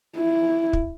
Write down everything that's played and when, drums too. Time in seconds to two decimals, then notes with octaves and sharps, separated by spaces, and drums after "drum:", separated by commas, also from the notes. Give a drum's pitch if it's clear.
0.16 E4
0.73 drum: kick